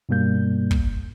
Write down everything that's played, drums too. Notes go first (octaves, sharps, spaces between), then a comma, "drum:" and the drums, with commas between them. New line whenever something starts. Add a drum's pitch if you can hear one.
G2 B2 G3 A#3 G6
drum: kick